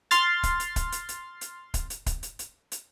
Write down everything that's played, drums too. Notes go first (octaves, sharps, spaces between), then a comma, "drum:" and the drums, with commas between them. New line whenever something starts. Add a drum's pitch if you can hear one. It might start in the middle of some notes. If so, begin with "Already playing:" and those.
C6 F6 A6, drum: hi-hat
drum: kick, hi-hat
drum: hi-hat
drum: kick, hi-hat
drum: hi-hat
drum: hi-hat
drum: hi-hat
drum: kick, hi-hat
drum: hi-hat
drum: kick, hi-hat
drum: hi-hat
drum: hi-hat
drum: hi-hat